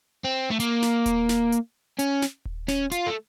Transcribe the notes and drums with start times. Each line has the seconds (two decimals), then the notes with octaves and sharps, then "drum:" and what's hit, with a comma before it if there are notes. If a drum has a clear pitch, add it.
0.24 C4
0.50 A3
0.60 A#3, drum: hi-hat
0.82 drum: snare
1.06 drum: kick D#1, hi-hat
1.29 drum: snare
1.52 drum: hi-hat
1.99 C#4, drum: hi-hat
2.22 drum: snare
2.45 drum: kick D#1
2.68 C#4, drum: snare
2.92 F4, drum: hi-hat
3.06 A3